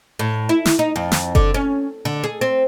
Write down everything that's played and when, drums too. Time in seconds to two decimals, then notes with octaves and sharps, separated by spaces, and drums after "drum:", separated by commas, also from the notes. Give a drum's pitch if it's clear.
0.19 A2
0.49 E4
0.65 drum: snare
0.79 D#4
0.96 F2
1.12 drum: snare
1.35 D3, drum: kick F#1
1.54 C#4
2.05 D3
2.24 G#4
2.41 C4